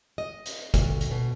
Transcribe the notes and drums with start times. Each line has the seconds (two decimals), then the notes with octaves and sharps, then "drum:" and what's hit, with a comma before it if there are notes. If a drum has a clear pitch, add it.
0.18 D#5
0.46 drum: hi-hat
0.74 D2, drum: kick, hi-hat
1.01 drum: hi-hat
1.11 B2